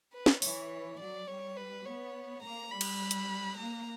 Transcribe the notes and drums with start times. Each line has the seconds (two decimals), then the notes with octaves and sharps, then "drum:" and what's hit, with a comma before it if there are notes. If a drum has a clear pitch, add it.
0.13 B4
0.26 drum: snare
0.42 E3 C#5, drum: open hi-hat
1.00 F#3 D5
1.27 G3 C#5
1.57 B4
1.85 B3 C#5
2.43 A#3 A#5
2.71 G3 B5
2.81 drum: cymbal
3.11 drum: hi-hat
3.57 A#3 A#5